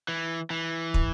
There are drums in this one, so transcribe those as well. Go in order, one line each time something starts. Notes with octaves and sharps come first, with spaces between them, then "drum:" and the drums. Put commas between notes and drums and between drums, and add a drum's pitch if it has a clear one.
E3
E3
drum: kick